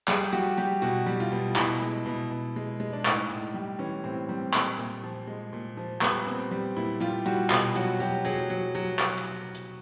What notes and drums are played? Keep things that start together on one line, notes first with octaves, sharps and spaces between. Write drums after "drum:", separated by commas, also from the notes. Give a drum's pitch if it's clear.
G3 G#4, drum: clap
G4, drum: hi-hat
G3 F#4
G3 G4
B2 F#4
G3
F4
B2
B2 E4, drum: clap
G#3
B2
B2
G#3
G#3
D4
A2 D#4, drum: clap
A2
G3
E3 C#4
A2 C4
G3 C4
A#2, drum: clap
A#2
F3
G#3
A#2
F3
G3 B3, drum: clap
A#2 C4
G3
A#2 E4
G3 F4
G3 F#4
B2 F4, drum: clap
F#3 F#4
F#3 G4
F#3 G#4
F#3
F#3
drum: clap
drum: hi-hat
drum: hi-hat